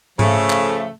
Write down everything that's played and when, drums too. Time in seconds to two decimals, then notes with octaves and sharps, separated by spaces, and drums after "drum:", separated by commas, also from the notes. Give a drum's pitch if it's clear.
0.19 C#3 F3 A3, drum: tom G#2
0.50 drum: clap